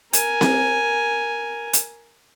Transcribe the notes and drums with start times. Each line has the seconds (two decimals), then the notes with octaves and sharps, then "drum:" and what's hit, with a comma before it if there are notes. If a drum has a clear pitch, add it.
0.13 A#4 G#5, drum: hi-hat
0.41 drum: snare C4
1.73 drum: hi-hat